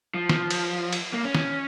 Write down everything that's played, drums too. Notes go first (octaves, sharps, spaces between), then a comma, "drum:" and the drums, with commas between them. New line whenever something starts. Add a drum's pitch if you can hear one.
F3
drum: snare
drum: cymbal
drum: cymbal
A#3
C#4
drum: snare